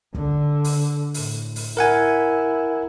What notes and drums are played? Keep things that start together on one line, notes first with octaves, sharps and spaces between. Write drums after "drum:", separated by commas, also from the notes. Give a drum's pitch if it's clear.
D3, drum: kick
drum: open hi-hat
A2, drum: open hi-hat
drum: open hi-hat
E4 A#4 F#5 G#5